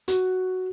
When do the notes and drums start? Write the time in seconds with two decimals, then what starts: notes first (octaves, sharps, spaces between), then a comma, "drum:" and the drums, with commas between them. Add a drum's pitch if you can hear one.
0.08 F#4, drum: hi-hat